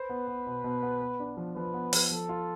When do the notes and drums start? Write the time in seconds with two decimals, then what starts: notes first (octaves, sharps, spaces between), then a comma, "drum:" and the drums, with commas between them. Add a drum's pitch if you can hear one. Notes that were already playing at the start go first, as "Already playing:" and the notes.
Already playing: B4 C5
0.10 B3
0.28 B3
0.47 B2
0.64 B2
0.83 B3
1.02 B3
1.20 D4
1.37 F3
1.55 F3 B4
1.74 B3
1.93 F3, drum: open hi-hat
2.11 F3 A4
2.29 F4